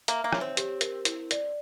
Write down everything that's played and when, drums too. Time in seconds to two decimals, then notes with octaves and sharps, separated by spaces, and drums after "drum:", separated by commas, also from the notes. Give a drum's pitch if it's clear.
0.08 A#3 E5, drum: hi-hat
0.24 A#3
0.33 C#5, drum: rim click
0.41 C4
0.57 G4, drum: hi-hat
0.81 A#4, drum: hi-hat
1.05 E4, drum: hi-hat
1.31 D5, drum: hi-hat